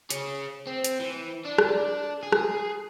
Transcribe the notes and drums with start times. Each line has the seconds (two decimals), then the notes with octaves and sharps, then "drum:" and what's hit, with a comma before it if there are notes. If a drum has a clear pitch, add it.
0.10 G#4 C#5, drum: hi-hat
0.67 C4
0.84 drum: hi-hat
1.00 E3
1.46 D4
1.58 drum: rim click
2.23 G#4
2.32 drum: rim click